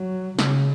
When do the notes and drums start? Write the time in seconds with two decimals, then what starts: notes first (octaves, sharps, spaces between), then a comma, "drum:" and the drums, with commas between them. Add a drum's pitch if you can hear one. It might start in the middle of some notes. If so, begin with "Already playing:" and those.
Already playing: F#3
0.39 C#3, drum: snare